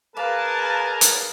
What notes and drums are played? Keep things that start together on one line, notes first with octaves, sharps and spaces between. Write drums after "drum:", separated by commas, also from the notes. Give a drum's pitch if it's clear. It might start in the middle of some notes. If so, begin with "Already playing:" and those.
G#4 A#4 B4 D5 F5 A5
drum: hi-hat